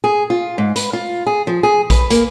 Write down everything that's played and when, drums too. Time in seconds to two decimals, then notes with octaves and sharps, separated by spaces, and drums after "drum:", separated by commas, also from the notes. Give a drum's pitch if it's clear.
0.04 G#4
0.30 F4
0.58 G#2
0.76 B4, drum: hi-hat
0.93 F4
1.27 G#4
1.47 F3
1.63 G#4
1.90 B4, drum: kick A#1, hi-hat
2.10 A#3, drum: hi-hat